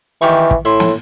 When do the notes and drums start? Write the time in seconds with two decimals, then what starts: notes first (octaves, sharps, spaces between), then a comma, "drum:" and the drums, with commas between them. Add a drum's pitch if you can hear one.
0.22 D#3 E3 G4 C#6
0.51 drum: kick
0.65 A2 E4 C6
0.80 drum: snare